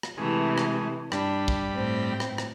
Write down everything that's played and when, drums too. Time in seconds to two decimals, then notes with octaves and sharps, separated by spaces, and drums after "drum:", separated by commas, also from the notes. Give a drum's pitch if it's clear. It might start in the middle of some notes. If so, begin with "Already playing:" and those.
0.03 drum: rim click
0.18 C3 E3 G#3 A3
0.58 drum: rim click
1.12 G2 G3 D4 B5, drum: rim click
1.48 drum: kick
1.73 A2 C4 G5
2.20 drum: rim click
2.38 drum: rim click